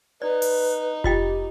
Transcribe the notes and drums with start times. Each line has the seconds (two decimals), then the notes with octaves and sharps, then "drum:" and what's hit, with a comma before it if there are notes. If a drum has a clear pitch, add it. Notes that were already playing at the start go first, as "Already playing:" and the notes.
0.22 D#4 B4 D5
0.42 drum: open hi-hat
1.04 F4 G4 D#5 G5, drum: kick F1